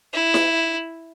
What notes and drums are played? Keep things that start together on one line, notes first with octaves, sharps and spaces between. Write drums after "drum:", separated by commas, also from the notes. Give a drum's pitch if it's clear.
E4
drum: snare E4